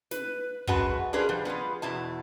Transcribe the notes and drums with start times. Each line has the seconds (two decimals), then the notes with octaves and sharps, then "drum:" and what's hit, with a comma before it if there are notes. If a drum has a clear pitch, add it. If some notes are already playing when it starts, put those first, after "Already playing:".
0.11 B4, drum: snare
0.67 F#2 G#3 F#4 B4 A5, drum: kick
1.13 D4 F4 G#4 A#4 B4
1.29 F3 G3
1.45 B3 F4 G#4 B4
1.82 E2 B2 E4 A5